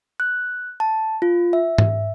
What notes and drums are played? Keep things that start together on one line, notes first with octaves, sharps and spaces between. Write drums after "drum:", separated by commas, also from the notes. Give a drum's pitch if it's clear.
F#6
A5
F4
E5
drum: tom G#2